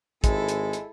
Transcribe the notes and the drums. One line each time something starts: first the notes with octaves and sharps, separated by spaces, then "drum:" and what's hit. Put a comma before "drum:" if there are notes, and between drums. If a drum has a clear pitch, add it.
G#1 G#3 E4 A4, drum: kick, hi-hat
drum: hi-hat
drum: hi-hat